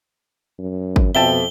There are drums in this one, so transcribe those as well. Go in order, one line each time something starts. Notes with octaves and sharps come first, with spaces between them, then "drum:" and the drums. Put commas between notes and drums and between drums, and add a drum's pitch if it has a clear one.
F#2
drum: kick
F2 B2 E5 G5 A5 G7